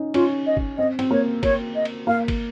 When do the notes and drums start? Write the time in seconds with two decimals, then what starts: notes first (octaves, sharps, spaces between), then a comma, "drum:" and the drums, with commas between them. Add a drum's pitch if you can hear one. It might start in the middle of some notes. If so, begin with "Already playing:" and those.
Already playing: C#4 D#4
0.14 C#4 F4, drum: cymbal
0.46 D#5
0.57 drum: kick
0.78 C4 D#5
0.99 C4, drum: cymbal
1.10 A#3 C#5
1.43 A#3 C#5, drum: kick, cymbal
1.75 D#5
1.85 drum: cymbal
2.07 A#3 F5
2.28 drum: kick, cymbal